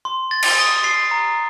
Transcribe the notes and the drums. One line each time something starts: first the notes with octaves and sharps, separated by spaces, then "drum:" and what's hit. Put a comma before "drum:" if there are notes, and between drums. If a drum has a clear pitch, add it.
C6
A6
drum: cymbal
D#6
C7
A#5